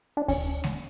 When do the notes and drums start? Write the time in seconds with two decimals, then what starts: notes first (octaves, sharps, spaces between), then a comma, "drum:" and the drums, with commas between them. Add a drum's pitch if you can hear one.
0.17 D4
0.28 C#4, drum: kick D2, open hi-hat
0.64 drum: snare G#3